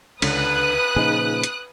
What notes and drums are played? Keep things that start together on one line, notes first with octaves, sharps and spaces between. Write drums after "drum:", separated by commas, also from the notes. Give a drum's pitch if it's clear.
C#2 D3 B4 D#6 F#6, drum: cymbal
A#2 C#3 F3 D#4 G#4
drum: hi-hat